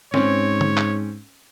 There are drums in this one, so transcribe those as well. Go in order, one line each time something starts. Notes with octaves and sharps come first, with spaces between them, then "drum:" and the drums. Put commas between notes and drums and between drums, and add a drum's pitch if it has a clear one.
G#2 C4 C#4 C#5, drum: snare
drum: tom
drum: clap